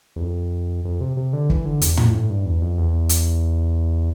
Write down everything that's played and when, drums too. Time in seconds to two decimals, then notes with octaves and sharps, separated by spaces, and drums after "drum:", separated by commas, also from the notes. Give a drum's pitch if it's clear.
0.16 E2
0.21 F2
0.85 F2
1.01 C3
1.17 C3
1.33 D3
1.50 E3, drum: kick
1.65 D3
1.81 E2, drum: hi-hat
1.97 F2, drum: tom
2.14 A2
2.30 G2
2.46 E2
2.62 F2
2.78 E2
3.09 drum: hi-hat